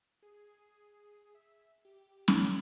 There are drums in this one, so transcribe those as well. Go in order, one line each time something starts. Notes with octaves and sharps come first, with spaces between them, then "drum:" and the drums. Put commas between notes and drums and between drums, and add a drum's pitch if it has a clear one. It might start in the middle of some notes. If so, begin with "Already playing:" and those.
G#4
E5
G4
drum: snare C#4